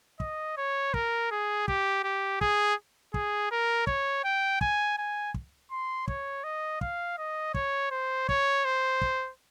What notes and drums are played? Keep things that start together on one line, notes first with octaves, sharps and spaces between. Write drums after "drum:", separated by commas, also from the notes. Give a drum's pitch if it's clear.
D#5, drum: kick
C#5
A#4, drum: kick
G#4
G4, drum: kick
G4
G#4, drum: kick
G#4, drum: kick
A#4
C#5, drum: kick
G5
G#5, drum: kick
G#5
drum: kick
C6
C#5, drum: kick
D#5
F5, drum: kick
D#5
C#5, drum: kick
C5
C#5, drum: kick
C5
drum: kick